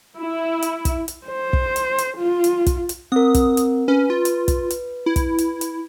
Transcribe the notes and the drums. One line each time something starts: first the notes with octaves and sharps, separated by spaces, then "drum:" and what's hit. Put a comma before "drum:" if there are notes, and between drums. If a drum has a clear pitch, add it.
E4
drum: hi-hat
drum: kick, hi-hat
drum: hi-hat
C5
drum: kick
drum: hi-hat
drum: hi-hat
F4
drum: hi-hat
drum: kick, hi-hat
drum: hi-hat
C4 A#4 D#6
drum: kick, hi-hat
drum: hi-hat
C#4 B4
F4
drum: hi-hat
drum: kick, hi-hat
drum: hi-hat
E4
drum: kick, hi-hat
drum: hi-hat
drum: hi-hat